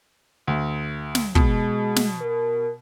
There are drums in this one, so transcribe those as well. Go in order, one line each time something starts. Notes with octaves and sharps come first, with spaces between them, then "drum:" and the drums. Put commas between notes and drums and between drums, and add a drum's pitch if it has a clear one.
D2
drum: snare
B2 G#3, drum: kick
drum: snare
A#4